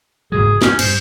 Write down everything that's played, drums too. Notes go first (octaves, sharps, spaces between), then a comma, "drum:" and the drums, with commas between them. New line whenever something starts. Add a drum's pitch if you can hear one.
F#1 G#2 F#3 G#4
F#2 C#4, drum: snare
G2 C5, drum: cymbal